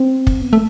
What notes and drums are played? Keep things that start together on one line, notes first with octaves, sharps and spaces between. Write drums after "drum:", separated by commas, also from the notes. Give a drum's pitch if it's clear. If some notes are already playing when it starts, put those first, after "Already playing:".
Already playing: C4
drum: kick
B3
A3